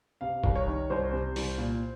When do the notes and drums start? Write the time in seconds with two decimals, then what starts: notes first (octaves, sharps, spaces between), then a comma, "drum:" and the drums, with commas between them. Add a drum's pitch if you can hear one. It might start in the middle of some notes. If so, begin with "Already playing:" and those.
0.21 C3 F5
0.44 C2, drum: kick
0.55 C#5
0.67 D#3
0.90 C2 C5
1.13 C3
1.36 C2, drum: open hi-hat
1.58 A#2